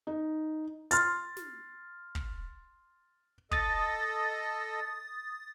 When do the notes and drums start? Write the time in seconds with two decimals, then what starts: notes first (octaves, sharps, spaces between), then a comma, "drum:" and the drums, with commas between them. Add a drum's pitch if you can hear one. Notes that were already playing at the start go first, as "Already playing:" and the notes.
0.07 D#4
0.91 C6 F6 A6, drum: hi-hat
1.37 drum: snare
2.15 drum: kick
3.51 A4 D#5 D#6 A6, drum: kick